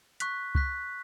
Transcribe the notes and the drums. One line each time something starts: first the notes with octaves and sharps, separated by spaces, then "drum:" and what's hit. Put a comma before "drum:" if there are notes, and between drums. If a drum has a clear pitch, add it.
C#6 F#6 B6, drum: hi-hat
C#6 F#6 B6, drum: kick C#2